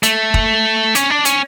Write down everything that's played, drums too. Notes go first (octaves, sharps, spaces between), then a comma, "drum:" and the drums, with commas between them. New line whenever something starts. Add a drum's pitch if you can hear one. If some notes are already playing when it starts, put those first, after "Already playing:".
A3, drum: hi-hat
drum: kick
C#4, drum: hi-hat
D4
C#4, drum: hi-hat